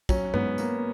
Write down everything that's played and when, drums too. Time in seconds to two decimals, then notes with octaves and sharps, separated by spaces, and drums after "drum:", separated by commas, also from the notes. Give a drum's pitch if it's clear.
0.09 F#3 C#4, drum: kick, tambourine
0.34 G#2 B3, drum: tom G2
0.58 A#3, drum: tambourine